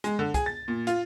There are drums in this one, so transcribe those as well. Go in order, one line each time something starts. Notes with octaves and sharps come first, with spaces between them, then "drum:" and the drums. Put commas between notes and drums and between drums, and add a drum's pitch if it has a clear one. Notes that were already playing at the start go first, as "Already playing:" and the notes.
G#3, drum: hi-hat
D3
G#4, drum: kick, hi-hat
A6
A#2
F4, drum: hi-hat